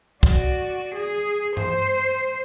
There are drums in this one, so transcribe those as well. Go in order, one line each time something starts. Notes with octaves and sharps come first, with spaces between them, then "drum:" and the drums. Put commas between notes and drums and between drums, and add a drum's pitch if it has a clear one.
F#4 D5, drum: kick
G#4
C5, drum: tom G2